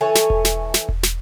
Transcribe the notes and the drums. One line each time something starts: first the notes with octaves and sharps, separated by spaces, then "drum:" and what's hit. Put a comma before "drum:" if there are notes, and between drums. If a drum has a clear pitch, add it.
E3 A4 C#5 G#5
drum: snare
drum: kick E1
drum: snare
drum: snare
drum: kick E1
drum: snare